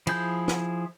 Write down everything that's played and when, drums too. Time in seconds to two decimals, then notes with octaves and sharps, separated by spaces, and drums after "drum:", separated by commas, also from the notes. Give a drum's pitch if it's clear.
0.07 F3 E4 G#4 G6, drum: cymbal
0.48 drum: snare